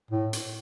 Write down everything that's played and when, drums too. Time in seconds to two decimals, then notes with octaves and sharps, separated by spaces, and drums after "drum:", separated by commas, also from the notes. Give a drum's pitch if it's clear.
0.11 A2
0.33 drum: hi-hat